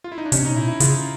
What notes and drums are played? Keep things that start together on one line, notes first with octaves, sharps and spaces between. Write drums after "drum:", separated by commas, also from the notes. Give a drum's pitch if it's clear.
F4
E4
D#4
D4
C3 C#4, drum: hi-hat
B2 D#4
A#2 E4
B2 E4
C#3 F4, drum: hi-hat